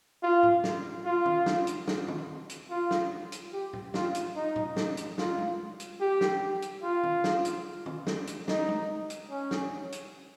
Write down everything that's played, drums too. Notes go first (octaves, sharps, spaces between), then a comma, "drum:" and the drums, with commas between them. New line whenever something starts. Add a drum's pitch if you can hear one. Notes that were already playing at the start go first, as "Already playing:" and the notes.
F4
drum: tom A2
drum: snare
F4
drum: tom
drum: snare
drum: hi-hat
drum: snare
drum: tom
drum: hi-hat
F4
drum: snare
drum: hi-hat
G4
drum: tom
F4, drum: snare
drum: hi-hat
D#4
drum: tom
drum: snare
drum: hi-hat
F4, drum: snare
drum: tom G#3
drum: hi-hat
G4
drum: snare
drum: hi-hat
F4
drum: tom
drum: snare
drum: hi-hat
drum: tom
drum: snare
drum: hi-hat
D#4, drum: snare
drum: tom G#3
drum: hi-hat
C#4
drum: snare
drum: hi-hat